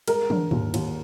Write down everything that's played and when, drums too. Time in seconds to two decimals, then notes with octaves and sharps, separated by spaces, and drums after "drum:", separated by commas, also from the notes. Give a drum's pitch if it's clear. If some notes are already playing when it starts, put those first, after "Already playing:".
0.08 G#3 A#4, drum: cymbal
0.30 D3, drum: tom
0.51 D#2, drum: tom
0.74 D#2, drum: cymbal